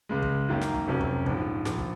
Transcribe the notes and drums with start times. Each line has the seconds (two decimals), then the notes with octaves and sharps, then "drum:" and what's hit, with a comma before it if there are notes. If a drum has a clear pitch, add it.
0.09 C#2 C#3 G#3
0.22 drum: kick
0.49 F#2 D#3 A#3 C#4
0.61 drum: snare
0.74 drum: kick
0.88 F1 F2 C3 F#3 C#4
1.00 drum: kick
1.26 A#1 G#2 F3, drum: kick
1.65 A#1 A#2 F3, drum: snare
1.79 drum: kick